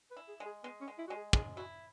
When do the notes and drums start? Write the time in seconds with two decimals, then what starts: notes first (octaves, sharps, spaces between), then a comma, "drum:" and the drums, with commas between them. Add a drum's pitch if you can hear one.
0.11 B4
0.17 E4
0.29 G#4
0.40 G#3
0.46 G#4
0.64 G#3 B3
0.81 C#4
0.88 G#3
0.99 E4
1.08 G#3 F#4
1.17 G#4
1.33 G#3 G#4, drum: kick
1.57 E4 F#4